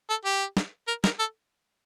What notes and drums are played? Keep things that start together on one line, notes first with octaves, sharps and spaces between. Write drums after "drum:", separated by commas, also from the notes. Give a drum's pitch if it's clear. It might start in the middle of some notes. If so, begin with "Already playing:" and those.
A4
G4
drum: snare
A#4
A#4, drum: snare
A4